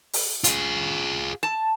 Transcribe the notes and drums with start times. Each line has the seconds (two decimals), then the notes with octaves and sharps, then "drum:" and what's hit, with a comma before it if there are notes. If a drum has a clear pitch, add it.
0.13 drum: open hi-hat
0.44 F4 G#4, drum: hi-hat
1.43 A5